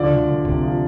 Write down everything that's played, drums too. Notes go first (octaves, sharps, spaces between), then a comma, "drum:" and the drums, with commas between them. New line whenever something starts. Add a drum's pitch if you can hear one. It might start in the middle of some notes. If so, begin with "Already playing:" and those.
Already playing: D2 F3 D5
D2
D2
C3, drum: kick
F3